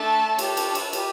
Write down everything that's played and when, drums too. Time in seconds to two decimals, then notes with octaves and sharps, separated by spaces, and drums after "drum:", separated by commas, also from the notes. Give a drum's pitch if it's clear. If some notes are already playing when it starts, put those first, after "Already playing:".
Already playing: A3 D4 A4 E5 A5
0.39 D4 G4 A4 C#5, drum: cymbal
0.57 drum: cymbal
0.75 drum: cymbal
0.93 G4, drum: cymbal